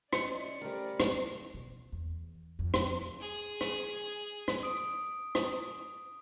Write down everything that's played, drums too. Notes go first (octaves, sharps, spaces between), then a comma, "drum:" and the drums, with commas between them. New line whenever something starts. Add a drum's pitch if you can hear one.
C#4 E4 D5 D#5 C#7, drum: rim click
G3 A3 A#4 C5
drum: rim click
B2
E2
F2
drum: rim click
G#4
drum: rim click
drum: rim click
D#6 D7
drum: rim click